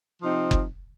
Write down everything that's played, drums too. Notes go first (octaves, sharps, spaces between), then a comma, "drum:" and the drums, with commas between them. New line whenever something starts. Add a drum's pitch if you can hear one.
C3 F3 C4 D#4
drum: kick F#1